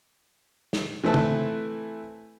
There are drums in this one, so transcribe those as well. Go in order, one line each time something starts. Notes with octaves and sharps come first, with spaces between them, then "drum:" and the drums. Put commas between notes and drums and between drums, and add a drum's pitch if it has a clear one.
drum: snare
E3 A3 C4 E4 B4 A5
drum: tom